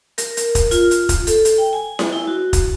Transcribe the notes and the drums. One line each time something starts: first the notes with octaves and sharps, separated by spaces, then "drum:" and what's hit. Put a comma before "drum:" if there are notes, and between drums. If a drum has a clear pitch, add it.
A#4, drum: hi-hat
drum: hi-hat
drum: kick, hi-hat
F4, drum: hi-hat
drum: hi-hat
drum: kick, hi-hat
A4, drum: hi-hat
drum: hi-hat
G5
G#5
drum: snare E4
E4
F#4
drum: kick, hi-hat